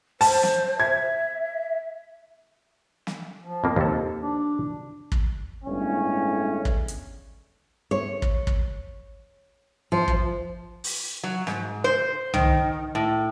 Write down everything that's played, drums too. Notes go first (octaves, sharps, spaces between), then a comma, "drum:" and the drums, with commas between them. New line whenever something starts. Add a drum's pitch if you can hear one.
C5 A5, drum: open hi-hat
drum: snare
E5 G#6
drum: snare
F3
F2 A#3
D#2 A4
D4
drum: kick
G1 A2 G#3 C#4
drum: kick
drum: hi-hat
C#5
drum: kick
drum: kick
F3
drum: kick
drum: open hi-hat
F#3
G#2, drum: snare
C5
D#3, drum: tom C2
A2